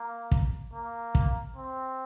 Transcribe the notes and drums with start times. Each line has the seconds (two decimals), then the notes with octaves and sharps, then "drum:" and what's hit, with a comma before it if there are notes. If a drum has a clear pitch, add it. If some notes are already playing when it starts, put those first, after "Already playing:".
Already playing: A#3
0.31 drum: kick
0.73 A#3
1.15 drum: kick
1.56 C4